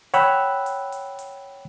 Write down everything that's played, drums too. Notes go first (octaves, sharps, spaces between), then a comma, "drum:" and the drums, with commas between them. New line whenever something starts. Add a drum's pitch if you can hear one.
C#5 F#5 G5 B5 E6 F#6, drum: hi-hat
drum: hi-hat
drum: hi-hat
drum: hi-hat